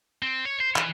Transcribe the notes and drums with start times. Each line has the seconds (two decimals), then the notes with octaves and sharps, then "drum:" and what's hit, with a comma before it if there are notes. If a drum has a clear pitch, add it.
0.22 C4
0.45 C#5
0.60 C5
0.76 E3, drum: clap